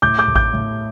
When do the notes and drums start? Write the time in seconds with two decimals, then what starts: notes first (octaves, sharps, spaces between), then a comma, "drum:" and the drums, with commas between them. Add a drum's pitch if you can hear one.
0.02 A2 D6 G6
0.19 D6 G6
0.28 A2
0.36 D6 G6, drum: kick A1
0.53 A2